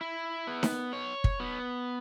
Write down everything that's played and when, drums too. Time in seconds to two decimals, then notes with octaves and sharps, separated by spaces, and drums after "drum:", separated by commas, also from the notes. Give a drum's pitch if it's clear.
0.01 E4
0.47 B3
0.63 drum: snare D#4
0.93 C#5
1.24 drum: kick
1.40 B3